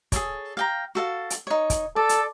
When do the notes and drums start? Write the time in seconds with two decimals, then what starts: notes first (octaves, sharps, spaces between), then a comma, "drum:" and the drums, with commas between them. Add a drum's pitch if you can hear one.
0.12 G#4 A4 C#5, drum: kick, hi-hat
0.57 F5 G5 A#5
0.95 F#4 A4 F5
1.30 drum: hi-hat
1.47 D#4 C#5
1.70 drum: kick, hi-hat
1.96 A4 D5
2.09 drum: hi-hat